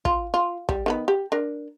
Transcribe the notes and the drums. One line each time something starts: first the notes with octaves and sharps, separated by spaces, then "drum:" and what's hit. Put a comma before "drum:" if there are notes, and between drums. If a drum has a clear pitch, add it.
F4, drum: kick
F4
G3, drum: kick
D#3 B3 B5
G4
D4 A#4